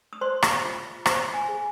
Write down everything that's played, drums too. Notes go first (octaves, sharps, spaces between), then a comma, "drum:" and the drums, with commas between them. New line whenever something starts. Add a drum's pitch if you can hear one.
D#6
C5 C6
drum: rim click
F4
C5 C6, drum: rim click
G#5
G#4